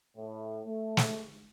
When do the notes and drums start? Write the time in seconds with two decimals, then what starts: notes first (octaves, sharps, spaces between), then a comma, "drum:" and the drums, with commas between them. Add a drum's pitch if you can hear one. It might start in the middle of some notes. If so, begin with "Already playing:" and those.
0.17 A2
0.66 A3
0.97 drum: snare